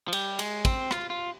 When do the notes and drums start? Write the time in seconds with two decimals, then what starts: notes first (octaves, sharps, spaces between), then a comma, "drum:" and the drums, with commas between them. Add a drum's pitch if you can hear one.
0.08 F3
0.13 G3, drum: cymbal
0.39 G#3, drum: cymbal
0.65 C4, drum: kick, cymbal
0.91 F4, drum: rim click
1.10 F4